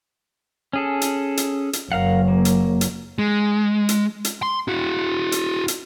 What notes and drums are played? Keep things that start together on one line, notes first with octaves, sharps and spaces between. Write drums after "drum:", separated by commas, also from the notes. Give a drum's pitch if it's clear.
C#4 G#4 A4
drum: hi-hat
drum: hi-hat
drum: hi-hat
F#1 F#3 A#4 F5 F#5
A#3
drum: hi-hat
drum: hi-hat
G#3
drum: hi-hat
drum: hi-hat
C6
E4 F#4
drum: hi-hat
drum: hi-hat